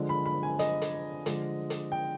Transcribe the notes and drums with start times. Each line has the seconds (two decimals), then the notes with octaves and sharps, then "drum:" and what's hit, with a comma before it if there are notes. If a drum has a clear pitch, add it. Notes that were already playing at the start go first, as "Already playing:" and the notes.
Already playing: D3 F3 G#3
0.09 B5
0.26 B5
0.43 G#5
0.59 D#5, drum: hi-hat
0.82 drum: hi-hat
1.26 D3 F3 G#3, drum: hi-hat
1.70 drum: hi-hat
1.92 G5